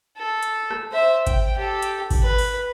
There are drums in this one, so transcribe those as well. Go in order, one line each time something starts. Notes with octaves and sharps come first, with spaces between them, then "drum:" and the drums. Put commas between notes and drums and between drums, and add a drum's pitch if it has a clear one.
A4
drum: hi-hat
drum: rim click
C5 E5
G5, drum: kick G#1, hi-hat
G4 A4
drum: hi-hat
drum: kick G#1, open hi-hat
B4
drum: open hi-hat